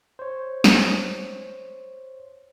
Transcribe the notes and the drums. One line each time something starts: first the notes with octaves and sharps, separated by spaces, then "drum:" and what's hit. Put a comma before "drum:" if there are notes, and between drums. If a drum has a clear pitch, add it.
C5 C#5
drum: snare